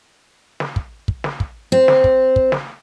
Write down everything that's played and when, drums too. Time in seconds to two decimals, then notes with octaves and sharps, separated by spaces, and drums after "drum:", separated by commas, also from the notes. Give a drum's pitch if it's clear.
0.60 drum: snare
0.76 drum: kick
1.08 drum: kick
1.24 drum: snare
1.40 drum: kick
1.72 C4
1.88 drum: snare
2.04 drum: kick
2.36 drum: kick
2.52 drum: snare